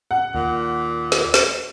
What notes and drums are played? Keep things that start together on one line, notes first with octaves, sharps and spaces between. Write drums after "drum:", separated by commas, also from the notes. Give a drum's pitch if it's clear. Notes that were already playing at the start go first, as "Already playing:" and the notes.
F#5
D#2 A#2
drum: snare
drum: snare